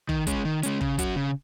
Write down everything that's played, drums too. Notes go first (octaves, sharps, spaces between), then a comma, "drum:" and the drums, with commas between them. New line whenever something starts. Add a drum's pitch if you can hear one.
D#3, drum: kick
G#3 C#4, drum: kick, hi-hat
D#3
G#3 C#4, drum: hi-hat
C#3, drum: kick
F#3 C#4 F#4, drum: kick, hi-hat
C#3